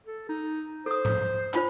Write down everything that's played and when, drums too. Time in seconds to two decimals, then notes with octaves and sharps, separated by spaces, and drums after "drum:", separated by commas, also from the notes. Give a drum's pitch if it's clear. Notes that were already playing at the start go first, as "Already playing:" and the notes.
0.07 A4
0.29 D#4
0.86 A4 C5 D#6
1.05 drum: tom G#2
1.54 D4 F4 C5, drum: clap